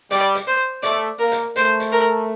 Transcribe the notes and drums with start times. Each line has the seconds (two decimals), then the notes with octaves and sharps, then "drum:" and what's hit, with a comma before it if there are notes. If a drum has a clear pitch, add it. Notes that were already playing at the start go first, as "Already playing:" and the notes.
0.11 G3 D5, drum: hi-hat
0.35 drum: hi-hat
0.48 C5
0.83 A3 D5, drum: hi-hat
1.19 A#3 A#4
1.32 drum: hi-hat
1.56 A3 C5, drum: hi-hat
1.80 drum: hi-hat
1.92 A#4